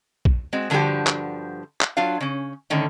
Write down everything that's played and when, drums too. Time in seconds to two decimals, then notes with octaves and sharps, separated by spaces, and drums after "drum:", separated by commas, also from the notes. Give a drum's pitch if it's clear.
0.25 drum: kick A#1
0.53 G#3 C4 F#4
0.70 G2 D3 F3 G3 F#4 G4
1.07 drum: clap
1.81 drum: clap
1.97 F#3 D4 F4 F5
2.21 C#3 C#4
2.70 A2 D3 D#3 C#4